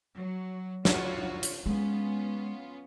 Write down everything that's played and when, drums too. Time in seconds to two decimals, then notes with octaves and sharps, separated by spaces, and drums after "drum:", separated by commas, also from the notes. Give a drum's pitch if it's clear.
0.16 F#3
0.85 F4 F#4 C#5, drum: snare
1.43 drum: hi-hat
1.66 G#3 B3 C#4 F4